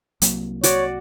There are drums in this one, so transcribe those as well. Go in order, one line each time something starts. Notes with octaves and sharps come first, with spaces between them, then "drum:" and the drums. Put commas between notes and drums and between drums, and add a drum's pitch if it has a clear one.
C2 F#3 A#3, drum: hi-hat
F#4 C#5 D5, drum: hi-hat